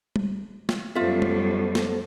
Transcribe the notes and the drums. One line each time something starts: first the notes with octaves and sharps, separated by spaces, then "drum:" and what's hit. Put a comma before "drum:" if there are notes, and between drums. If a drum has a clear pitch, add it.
drum: tom G3
drum: snare
F#2 G3 B3 F4 A4 C5 E5
drum: tom G3
drum: snare